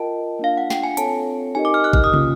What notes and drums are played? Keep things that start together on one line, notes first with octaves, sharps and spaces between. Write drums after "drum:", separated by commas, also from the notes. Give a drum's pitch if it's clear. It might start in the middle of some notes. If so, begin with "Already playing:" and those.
Already playing: F4 A#4 D#5 G5 A5
A#3 D4 F4 F5
F#5
G5, drum: snare
G#5
C4 F4 A4 C#5 A5, drum: hi-hat
D#4 G4 A#4 D#5 G#5
D6
F6
F#6
F6, drum: kick G#1
D#6
A#3 C#4 F4, drum: tom